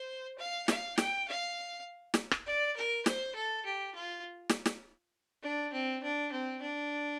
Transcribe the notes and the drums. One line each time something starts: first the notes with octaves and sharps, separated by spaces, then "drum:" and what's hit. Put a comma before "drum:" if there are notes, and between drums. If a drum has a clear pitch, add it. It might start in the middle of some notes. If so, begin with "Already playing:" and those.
Already playing: C5
F5
F5, drum: snare
G5, drum: snare
F5
drum: snare
drum: rim click
D5
A#4
C5, drum: snare
A4
G4
F4
drum: snare
drum: snare
D4
C4
D4
C4
D4